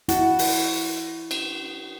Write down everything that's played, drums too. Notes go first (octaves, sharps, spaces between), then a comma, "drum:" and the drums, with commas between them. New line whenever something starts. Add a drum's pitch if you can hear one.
E4 F#4 F#5 A5, drum: hi-hat
drum: open hi-hat
drum: cymbal